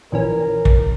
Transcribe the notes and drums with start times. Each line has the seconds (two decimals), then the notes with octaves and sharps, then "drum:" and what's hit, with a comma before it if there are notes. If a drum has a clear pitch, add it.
0.12 A#1 E3 C#4 A#4
0.65 drum: kick